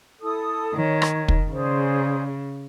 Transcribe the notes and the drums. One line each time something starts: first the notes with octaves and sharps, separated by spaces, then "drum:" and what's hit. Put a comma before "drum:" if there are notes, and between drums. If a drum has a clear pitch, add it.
E4 A4 D#6
D#3 C#5
drum: rim click
drum: kick
C#3 G#4 C5 D5